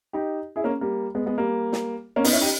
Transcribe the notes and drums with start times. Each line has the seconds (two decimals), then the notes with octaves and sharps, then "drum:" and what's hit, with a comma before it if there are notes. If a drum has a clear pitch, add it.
0.13 D#4 G4
0.56 E4 G#4
0.64 A#3 C#4
0.81 G3 A#3
1.15 G#3 B3
1.26 G#3 B3
1.38 G3 A#3
1.73 drum: snare
2.16 A#3 C#4
2.24 B3 D#4, drum: open hi-hat
2.33 C#4 E4
2.41 D#4 G4